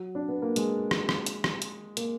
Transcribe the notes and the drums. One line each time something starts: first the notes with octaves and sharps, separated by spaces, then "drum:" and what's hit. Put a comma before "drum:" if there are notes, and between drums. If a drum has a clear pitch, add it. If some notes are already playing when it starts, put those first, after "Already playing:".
Already playing: F#3
D4
B3
A#3
G#3, drum: hi-hat
drum: rim click
drum: rim click
drum: hi-hat
drum: rim click
drum: hi-hat
A#3, drum: hi-hat